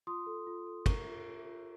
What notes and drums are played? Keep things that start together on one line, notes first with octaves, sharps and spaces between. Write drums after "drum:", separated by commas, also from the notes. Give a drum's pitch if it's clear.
F4 C6 D#6
A4
F4
A4
A#4 A#5 C#6, drum: kick, cymbal
F4
F4
F4